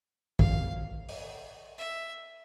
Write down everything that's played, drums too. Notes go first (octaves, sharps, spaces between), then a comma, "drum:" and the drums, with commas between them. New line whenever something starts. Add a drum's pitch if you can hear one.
F5, drum: kick
drum: open hi-hat
E5